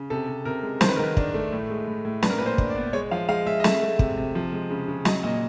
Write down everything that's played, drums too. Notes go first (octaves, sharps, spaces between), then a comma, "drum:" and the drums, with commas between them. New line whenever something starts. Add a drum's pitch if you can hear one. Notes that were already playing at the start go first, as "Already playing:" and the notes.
Already playing: C#3
C3 A4
C3
C3 A#4
G#3
D#3 C5, drum: snare
B4
D#3 A#4
B4
D4, drum: kick
A3
A2
G#3
A2
A2
D4 B4, drum: snare
A#4
A#2 B4
C5
D4, drum: kick
D5
B3
G#3 C#5
F3 F5
G#3 F5
G#3 E5
D#5
A3 E5, drum: snare
A3
C3, drum: kick
C3
F3
G#3
C#3
C#3
F#3 D#5, drum: snare
A#2 D#5